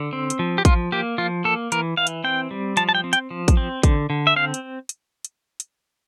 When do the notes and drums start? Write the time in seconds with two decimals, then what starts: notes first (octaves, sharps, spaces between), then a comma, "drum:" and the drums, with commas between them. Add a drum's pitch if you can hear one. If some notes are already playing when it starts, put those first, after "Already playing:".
Already playing: D3
0.13 C4
0.30 drum: hi-hat
0.39 F3
0.58 G4
0.65 F3 F4, drum: kick, hi-hat
0.92 A#3 G4
1.18 F3 F4
1.44 A#3 A4
1.72 E3 A#4, drum: hi-hat
1.97 E3 F5
2.07 drum: hi-hat
2.24 C4 G5
2.51 G3
2.77 F3 A5, drum: hi-hat
2.89 A5
2.95 G5
3.04 C4
3.13 G5, drum: hi-hat
3.31 F3
3.48 drum: kick, hi-hat
3.57 C4
3.83 D3, drum: kick, hi-hat
4.10 D3
4.27 E5
4.36 C4 F5
4.54 drum: hi-hat
4.89 drum: hi-hat
5.25 drum: hi-hat
5.60 drum: hi-hat